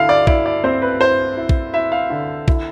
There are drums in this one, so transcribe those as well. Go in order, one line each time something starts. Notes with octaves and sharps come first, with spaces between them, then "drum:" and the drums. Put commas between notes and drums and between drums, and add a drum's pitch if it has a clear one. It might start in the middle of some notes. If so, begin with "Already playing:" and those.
Already playing: D3 E4 F5
D5
E4 D5, drum: kick A#1
D5
C4 C5
B4
E4 C5
E4
drum: kick A#1
E4 E5
F5
D3
E4, drum: kick A#1